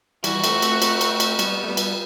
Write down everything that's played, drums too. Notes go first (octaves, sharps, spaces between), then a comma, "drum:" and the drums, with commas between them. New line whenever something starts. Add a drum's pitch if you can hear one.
E3 G3 F#4, drum: cymbal
A3 C4, drum: cymbal
A3 C4, drum: cymbal
A3 C4, drum: cymbal
drum: cymbal
drum: cymbal
G3 B3, drum: cymbal
A3
G3 B3
drum: cymbal